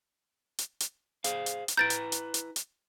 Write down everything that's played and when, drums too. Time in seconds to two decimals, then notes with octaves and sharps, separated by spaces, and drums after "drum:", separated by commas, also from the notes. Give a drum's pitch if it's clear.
0.58 drum: hi-hat
0.80 drum: hi-hat
1.24 G#4 C5 F5, drum: hi-hat
1.46 drum: hi-hat
1.68 drum: hi-hat
1.77 E4 B4 A#5 G6 A6 D7
1.90 drum: hi-hat
2.12 drum: hi-hat
2.34 drum: hi-hat
2.56 drum: hi-hat